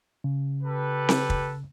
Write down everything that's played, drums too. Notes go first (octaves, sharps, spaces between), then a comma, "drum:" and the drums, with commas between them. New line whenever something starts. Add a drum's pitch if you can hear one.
C#3
G4 A4 B4
drum: snare C4
drum: kick